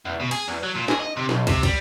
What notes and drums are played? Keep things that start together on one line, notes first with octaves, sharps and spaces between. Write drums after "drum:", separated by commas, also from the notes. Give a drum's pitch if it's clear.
E2
B2
G#4, drum: cymbal
E2
F#3
A#2
G#4, drum: snare
D#5
C3
B1, drum: snare
C3, drum: kick, cymbal
G3, drum: kick, cymbal